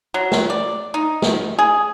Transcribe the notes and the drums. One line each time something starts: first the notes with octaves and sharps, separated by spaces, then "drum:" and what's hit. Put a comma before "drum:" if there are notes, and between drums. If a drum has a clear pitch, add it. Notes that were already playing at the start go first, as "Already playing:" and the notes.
F#3
drum: snare
D5
D#4
drum: snare
G#4